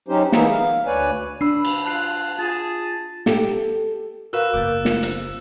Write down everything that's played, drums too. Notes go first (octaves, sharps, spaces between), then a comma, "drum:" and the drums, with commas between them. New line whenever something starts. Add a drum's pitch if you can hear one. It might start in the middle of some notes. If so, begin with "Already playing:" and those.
F#3 C#4 D#4 G4 C5
E3 A#3 B3 D#4 G#4 E5, drum: snare
F5
D2 B4 C#5 D5 G#5
D4 B4 B5 E6 C7
drum: cymbal
F4 A5 F#6 C7
F4 G#4 A5
G4 A4 G5, drum: snare
F#4 A#4 B4 F5 E6 F#6 E7
F#1 B3 D6 G6 A6
F3, drum: snare
drum: hi-hat